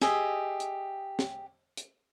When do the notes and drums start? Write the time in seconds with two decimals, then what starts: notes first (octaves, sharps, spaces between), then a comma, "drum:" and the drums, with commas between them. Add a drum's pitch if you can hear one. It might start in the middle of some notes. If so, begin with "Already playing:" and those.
0.01 G4 G#4 D#5 E5, drum: snare
0.60 drum: hi-hat
1.19 drum: snare
1.77 drum: hi-hat